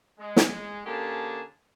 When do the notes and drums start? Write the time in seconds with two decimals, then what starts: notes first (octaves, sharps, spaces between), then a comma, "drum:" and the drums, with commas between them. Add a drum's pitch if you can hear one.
0.19 G#3
0.36 drum: snare
0.85 D3 A#3 C#4 G4 G#4 A5